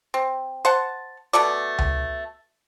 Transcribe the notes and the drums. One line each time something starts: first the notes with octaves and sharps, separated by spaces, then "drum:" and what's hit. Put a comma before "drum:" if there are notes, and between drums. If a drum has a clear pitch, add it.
C4
C5 F#5 A5
B2 A3 A4 D5
drum: tom C#2